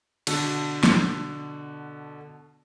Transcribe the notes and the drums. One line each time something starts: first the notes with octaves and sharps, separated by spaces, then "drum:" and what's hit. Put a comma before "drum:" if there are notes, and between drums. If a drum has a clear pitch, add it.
B2 D3, drum: cymbal
drum: snare